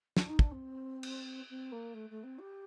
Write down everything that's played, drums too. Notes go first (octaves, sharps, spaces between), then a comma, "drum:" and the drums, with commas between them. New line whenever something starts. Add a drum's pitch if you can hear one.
D4, drum: snare
D#4
D4, drum: kick
C4
drum: cymbal
C4
A#3
A3
A3
C4
G4